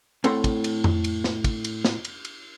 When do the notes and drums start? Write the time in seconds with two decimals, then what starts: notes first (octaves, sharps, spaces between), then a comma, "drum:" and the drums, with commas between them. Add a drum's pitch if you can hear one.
0.24 A2 C4 A4 F#5 C6, drum: cymbal
0.44 drum: kick, cymbal
0.64 drum: cymbal
0.84 drum: tom F2
1.04 drum: cymbal
1.24 drum: snare
1.44 drum: kick, cymbal
1.64 drum: cymbal
1.85 drum: snare
2.05 drum: cymbal
2.25 drum: cymbal